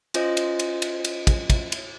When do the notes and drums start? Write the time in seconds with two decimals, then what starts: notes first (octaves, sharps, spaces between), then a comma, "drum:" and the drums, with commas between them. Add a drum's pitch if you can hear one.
0.14 C#4 F4 C5 D#5, drum: cymbal
0.37 drum: cymbal
0.59 drum: cymbal
0.82 drum: cymbal
1.05 drum: cymbal
1.27 drum: kick, cymbal
1.50 drum: kick, cymbal
1.72 drum: cymbal